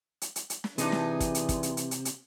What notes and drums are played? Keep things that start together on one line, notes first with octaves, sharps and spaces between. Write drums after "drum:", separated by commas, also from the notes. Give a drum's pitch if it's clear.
drum: hi-hat
drum: hi-hat
drum: hi-hat
drum: snare
C3 E3 D4 D#4 G#4, drum: hi-hat
drum: snare
drum: kick, hi-hat
drum: hi-hat
drum: kick, hi-hat
drum: hi-hat
drum: hi-hat
drum: hi-hat
drum: hi-hat